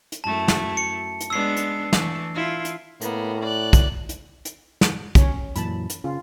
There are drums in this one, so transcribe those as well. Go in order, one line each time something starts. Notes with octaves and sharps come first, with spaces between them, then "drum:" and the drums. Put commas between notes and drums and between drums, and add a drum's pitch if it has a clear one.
drum: hi-hat
F#2 A3 E4 A5
drum: snare
C#7
drum: hi-hat
G#3 B3 D4 E6 C7
drum: hi-hat
E3 A3, drum: snare
E4 F4
drum: hi-hat
A2 A#3 B3, drum: hi-hat
D5 F#6
drum: kick, hi-hat
drum: hi-hat
drum: hi-hat
drum: snare
C#4 C#5, drum: kick, hi-hat
F#2 A#2 E3 A5 B5, drum: hi-hat
drum: hi-hat
C#3 F4